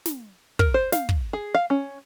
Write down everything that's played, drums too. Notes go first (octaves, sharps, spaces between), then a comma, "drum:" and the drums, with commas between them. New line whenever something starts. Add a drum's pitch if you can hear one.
drum: snare
A#4, drum: kick
C5
F5, drum: snare
drum: kick
G#4
F5
C#4